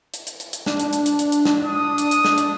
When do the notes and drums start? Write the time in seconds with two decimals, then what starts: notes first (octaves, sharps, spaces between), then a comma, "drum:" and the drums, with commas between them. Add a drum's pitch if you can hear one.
0.14 drum: hi-hat
0.27 drum: hi-hat
0.40 drum: hi-hat
0.53 drum: hi-hat
0.66 D4, drum: snare
0.80 drum: hi-hat
0.93 drum: hi-hat
1.06 drum: hi-hat
1.19 drum: hi-hat
1.32 drum: hi-hat
1.45 drum: snare
1.66 D#6
1.98 drum: hi-hat
2.11 drum: hi-hat
2.25 drum: snare
2.38 drum: hi-hat